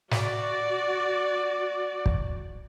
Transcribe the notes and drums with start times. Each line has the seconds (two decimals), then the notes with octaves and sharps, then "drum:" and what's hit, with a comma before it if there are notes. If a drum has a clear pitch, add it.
0.11 F#4 D5, drum: snare
2.06 drum: kick